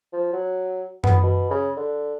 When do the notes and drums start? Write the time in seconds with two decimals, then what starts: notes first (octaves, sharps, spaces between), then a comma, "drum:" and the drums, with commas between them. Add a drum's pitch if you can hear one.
0.13 F3
0.33 F#3
1.04 B3, drum: tom F#2
1.23 B2
1.50 C#3
1.77 D3